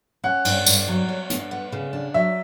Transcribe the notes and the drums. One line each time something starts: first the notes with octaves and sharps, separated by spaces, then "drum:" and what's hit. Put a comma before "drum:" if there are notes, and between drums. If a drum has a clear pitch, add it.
C#4 F#5
G2, drum: cymbal
G2, drum: tambourine
F#3
C#4
G2, drum: hi-hat
B3
C#3
D4
F#3 E5